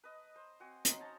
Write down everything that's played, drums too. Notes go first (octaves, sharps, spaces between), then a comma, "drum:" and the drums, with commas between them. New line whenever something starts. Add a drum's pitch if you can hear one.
B4 D#5
C5
C4 F#4 G#5
C#4 D#4 F#5 C6, drum: hi-hat
C5 C#5 A5 A#5